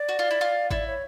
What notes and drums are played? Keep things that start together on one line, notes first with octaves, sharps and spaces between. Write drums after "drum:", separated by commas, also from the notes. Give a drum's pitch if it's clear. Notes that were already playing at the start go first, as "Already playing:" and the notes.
Already playing: D5
F#4
F4
E4
F4
E4 D5, drum: kick G#1
C#5